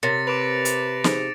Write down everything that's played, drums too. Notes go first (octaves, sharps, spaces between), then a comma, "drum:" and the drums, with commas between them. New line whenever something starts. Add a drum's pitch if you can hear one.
C3 A#4 C#5 A6 A#6 C#7
B4 D6 D7 F7
drum: hi-hat
D#4 G#4 C5, drum: snare